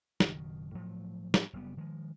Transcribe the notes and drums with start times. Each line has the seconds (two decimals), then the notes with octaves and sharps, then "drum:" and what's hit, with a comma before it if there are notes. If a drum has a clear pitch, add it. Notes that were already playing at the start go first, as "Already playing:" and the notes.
0.20 F#1 B2 D#3, drum: snare
0.75 A2 F3 F#3 A3
1.34 drum: snare
1.53 F#1 C#3 G3 B3
1.77 D#3 F3 G#3